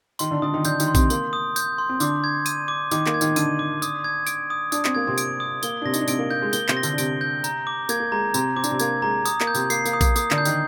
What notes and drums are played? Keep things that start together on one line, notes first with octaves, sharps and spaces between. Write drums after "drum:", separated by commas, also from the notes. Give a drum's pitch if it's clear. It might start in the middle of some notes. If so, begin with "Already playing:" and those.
D#3 D#4 C6, drum: tambourine
D3 D4
D3 D4 D#6
D#3 D#4
D3 D4 G6, drum: tambourine
D#3 D#4, drum: tambourine
C6
C3 C4, drum: kick A#1, tambourine
A#3 C6, drum: tambourine
D#6
G6, drum: tambourine
C6
C4
D3 D4 D6, drum: tambourine
G#6
D#7, drum: tambourine
D6
D#3 D#4 D6, drum: tambourine
A#3, drum: clap
G#6
D#3 D#4, drum: tambourine
D3 D4 D#7, drum: tambourine
D6
D#6, drum: tambourine
G#6
D7, drum: tambourine
D#6
D4 D#6, drum: tambourine
C4, drum: clap
A#3 G#6
C3 C4
D7, drum: tambourine
D#6
A#3 G7, drum: tambourine
D4
C3 C4 A#6
D#4, drum: tambourine
D4
C3 C4 D7, drum: tambourine
A#3
A#3 G6
G#3
A#3 G7, drum: tambourine
C3 C4, drum: clap
A#6
D3 D4, drum: tambourine
D4
C3 C4 D7, drum: tambourine
G6
A#5, drum: tambourine
D6
A#3 G#6, drum: tambourine
A#3
G#3 A#5
C3 C4 A#5, drum: tambourine
C4 D6
D4, drum: tambourine
C3 C4
A#3 G#6, drum: tambourine
G#3 A#5
D#6, drum: tambourine
A#3, drum: clap
G6
C3 C4, drum: tambourine
A#3 C7, drum: tambourine
A#3, drum: tambourine
D#6
A#3, drum: kick A#1, tambourine
A#3 D#6, drum: tambourine
D3 D4, drum: clap
G6
D#3 D#4, drum: tambourine